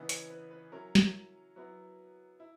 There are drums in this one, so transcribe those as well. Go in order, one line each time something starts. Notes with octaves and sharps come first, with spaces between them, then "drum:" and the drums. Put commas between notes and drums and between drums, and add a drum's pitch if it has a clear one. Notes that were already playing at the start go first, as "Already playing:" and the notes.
Already playing: C#3 E3 B3 D#4 E5
C#5, drum: hi-hat
B4
B4
F#3 C#4 E4 A#4
drum: snare
F#3 B3 E4
E4